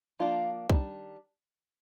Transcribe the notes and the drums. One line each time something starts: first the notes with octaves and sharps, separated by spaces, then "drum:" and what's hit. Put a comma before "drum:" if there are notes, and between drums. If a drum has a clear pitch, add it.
F3 A#3 D4 F4
D#3 G3 D4, drum: kick